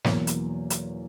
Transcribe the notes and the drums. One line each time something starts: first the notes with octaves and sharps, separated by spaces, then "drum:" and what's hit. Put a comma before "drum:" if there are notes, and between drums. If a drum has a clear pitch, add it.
E2 B2 F#3 A#3 C#5, drum: snare
drum: hi-hat
drum: hi-hat